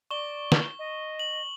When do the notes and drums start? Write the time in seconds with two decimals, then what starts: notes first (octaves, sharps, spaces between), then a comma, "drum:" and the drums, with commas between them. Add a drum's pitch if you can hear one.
0.11 D5 C#6 G7
0.52 drum: snare
0.79 D#5
1.19 F#7